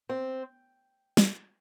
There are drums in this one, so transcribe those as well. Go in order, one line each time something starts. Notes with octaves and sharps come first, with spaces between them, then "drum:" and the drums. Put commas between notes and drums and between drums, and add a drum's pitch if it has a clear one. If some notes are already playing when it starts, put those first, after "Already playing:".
C4
drum: snare